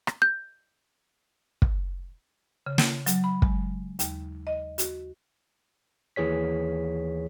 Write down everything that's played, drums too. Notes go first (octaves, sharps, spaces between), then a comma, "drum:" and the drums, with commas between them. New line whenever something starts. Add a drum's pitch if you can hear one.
drum: rim click
G6
drum: kick
C#3
drum: snare
F#3, drum: hi-hat
B5
G#3, drum: kick
D#2, drum: hi-hat
D#5
F#4, drum: hi-hat
D#2 E3 G#4 C#5 B6